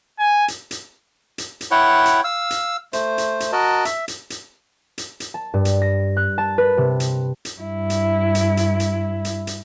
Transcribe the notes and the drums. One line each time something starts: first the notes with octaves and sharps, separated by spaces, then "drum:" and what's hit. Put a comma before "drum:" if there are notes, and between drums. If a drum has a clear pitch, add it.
G#5
drum: hi-hat
drum: hi-hat
drum: hi-hat
drum: hi-hat
E4 C#5 F#5 G5
drum: hi-hat
F5 E6
drum: hi-hat
A3 C5, drum: hi-hat
drum: hi-hat
drum: hi-hat
F#4 A#4 D#5 A5
E5, drum: hi-hat
drum: hi-hat
drum: hi-hat
drum: hi-hat
drum: hi-hat
A5
G2
drum: hi-hat
A#6
F#6
A5
B4
C3
drum: hi-hat
drum: hi-hat
G2 E4
drum: hi-hat
drum: hi-hat
drum: hi-hat
drum: hi-hat
drum: hi-hat
drum: hi-hat